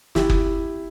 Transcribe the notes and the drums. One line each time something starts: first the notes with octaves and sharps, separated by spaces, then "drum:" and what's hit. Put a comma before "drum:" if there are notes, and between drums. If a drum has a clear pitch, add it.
E4 G4, drum: snare
drum: kick F#1